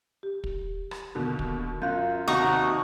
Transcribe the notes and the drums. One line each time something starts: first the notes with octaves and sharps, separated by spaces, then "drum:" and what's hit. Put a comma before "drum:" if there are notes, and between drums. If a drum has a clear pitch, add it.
G4
drum: kick
drum: rim click
D#2 B2 D3
drum: kick
F#2 F4 F5 F#6 G6
D#2 C3 D#4 F#4 C#6 D#6